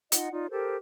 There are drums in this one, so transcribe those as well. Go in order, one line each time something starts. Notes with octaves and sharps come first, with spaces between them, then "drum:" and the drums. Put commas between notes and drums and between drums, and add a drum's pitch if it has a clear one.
D#4 F4 D#5 F#5, drum: hi-hat
D#4 F4 D5
G4 A4 A#4 C5